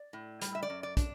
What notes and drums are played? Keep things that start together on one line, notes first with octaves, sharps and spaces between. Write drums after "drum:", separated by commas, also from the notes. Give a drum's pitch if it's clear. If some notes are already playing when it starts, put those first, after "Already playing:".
Already playing: D5
A2
G3, drum: hi-hat
E5
D5
F#2
D5
D4, drum: kick, hi-hat